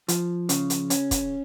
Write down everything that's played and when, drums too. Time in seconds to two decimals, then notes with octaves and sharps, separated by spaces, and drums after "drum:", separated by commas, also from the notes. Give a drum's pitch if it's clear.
0.08 F3, drum: hi-hat
0.49 C#3, drum: hi-hat
0.70 drum: hi-hat
0.90 C#4, drum: hi-hat
1.11 drum: kick, hi-hat